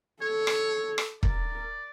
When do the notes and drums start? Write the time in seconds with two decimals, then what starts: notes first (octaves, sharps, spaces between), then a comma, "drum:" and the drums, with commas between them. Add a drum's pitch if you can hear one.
0.22 A4 C#5
0.47 drum: rim click
0.98 drum: rim click
1.23 A#4 D5, drum: kick E1